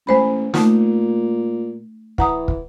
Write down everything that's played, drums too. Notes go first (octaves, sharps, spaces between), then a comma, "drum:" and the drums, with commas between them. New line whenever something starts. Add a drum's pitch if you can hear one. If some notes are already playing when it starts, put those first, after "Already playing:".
A1 G#3 C5 B5
A#2 A3 D#4, drum: snare
E3 F#5 A#5 D#6, drum: kick
drum: kick